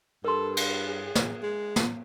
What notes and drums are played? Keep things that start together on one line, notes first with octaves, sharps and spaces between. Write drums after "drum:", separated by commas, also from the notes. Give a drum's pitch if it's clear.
G2 A4 A#4 C6
G#4, drum: cymbal
drum: snare
G#3
drum: snare